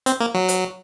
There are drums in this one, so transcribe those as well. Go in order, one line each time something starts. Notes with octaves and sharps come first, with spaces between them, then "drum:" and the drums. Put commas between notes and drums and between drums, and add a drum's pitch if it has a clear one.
C4, drum: hi-hat
A#3
F#3
drum: hi-hat